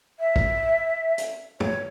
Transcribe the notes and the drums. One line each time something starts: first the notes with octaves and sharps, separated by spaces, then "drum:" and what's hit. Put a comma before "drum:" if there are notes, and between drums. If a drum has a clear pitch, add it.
E5
drum: kick
drum: hi-hat
C#5, drum: tom